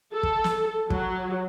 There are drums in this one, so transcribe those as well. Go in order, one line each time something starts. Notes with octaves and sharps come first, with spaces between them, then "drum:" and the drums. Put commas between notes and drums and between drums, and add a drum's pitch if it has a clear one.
A4
drum: kick
drum: snare
F#3, drum: kick